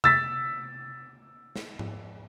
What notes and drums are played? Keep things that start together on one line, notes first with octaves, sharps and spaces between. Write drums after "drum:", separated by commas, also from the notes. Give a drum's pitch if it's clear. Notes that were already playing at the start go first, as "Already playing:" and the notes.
E6 A6 B6, drum: tom C3
drum: snare
drum: tom G#2